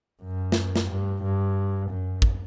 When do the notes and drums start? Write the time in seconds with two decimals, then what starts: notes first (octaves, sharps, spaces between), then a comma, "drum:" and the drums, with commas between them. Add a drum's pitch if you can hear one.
0.22 F#2
0.52 drum: snare
0.76 drum: snare
0.89 G2
1.22 G2
1.89 F#2
2.22 drum: kick